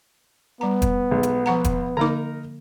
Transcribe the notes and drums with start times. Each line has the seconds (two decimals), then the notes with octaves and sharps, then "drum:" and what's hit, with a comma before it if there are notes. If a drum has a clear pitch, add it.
0.61 G3 B3 A#5
0.82 drum: kick, hi-hat
1.11 B1 G#3
1.23 drum: hi-hat
1.46 F3 F#5 A#5
1.64 drum: kick, hi-hat
1.97 D3 A#3 D#4 A#4 A#5 D6